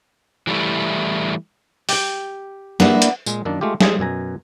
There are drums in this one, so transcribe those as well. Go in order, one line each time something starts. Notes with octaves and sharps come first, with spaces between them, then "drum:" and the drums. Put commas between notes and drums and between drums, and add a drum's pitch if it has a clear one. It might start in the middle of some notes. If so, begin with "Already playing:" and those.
E3 G3 A3 E4
G4 G5, drum: open hi-hat
A#3 B3 D4 E4 B4, drum: snare
drum: hi-hat
A#2 G#3, drum: tambourine
F#2 D#3 A#3 D4 D5
G#3 A3 F4 G4
G#3 G#4, drum: snare
F#2 B2 G#5 A#5